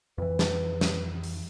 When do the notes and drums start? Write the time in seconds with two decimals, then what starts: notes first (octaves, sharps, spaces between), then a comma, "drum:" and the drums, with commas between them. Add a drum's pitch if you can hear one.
0.18 F2 E3 B4
0.39 drum: snare
0.81 drum: snare
1.24 drum: open hi-hat